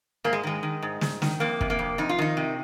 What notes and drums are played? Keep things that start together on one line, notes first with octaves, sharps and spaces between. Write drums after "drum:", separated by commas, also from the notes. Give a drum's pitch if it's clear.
G#2 A#3
G#3
D#3 G#3
D#3
G#2
G#2, drum: snare
D#3, drum: snare
F2 A#3
C3, drum: kick
A#3
F2
F2 D#4
F4
D#3 D#4
C3